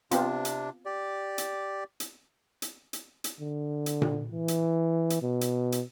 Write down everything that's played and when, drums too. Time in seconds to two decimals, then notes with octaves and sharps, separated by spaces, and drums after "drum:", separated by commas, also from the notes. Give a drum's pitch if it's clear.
0.11 C3 B3 C4 D4 F4, drum: hi-hat
0.45 drum: hi-hat
0.85 G4 D5
1.38 drum: hi-hat
2.00 drum: hi-hat
2.62 drum: hi-hat
2.93 drum: hi-hat
3.24 drum: hi-hat
3.40 D3
3.86 drum: hi-hat
4.02 drum: tom A#2
4.33 E3
4.48 drum: hi-hat
5.10 drum: hi-hat
5.23 B2
5.41 drum: hi-hat
5.72 drum: hi-hat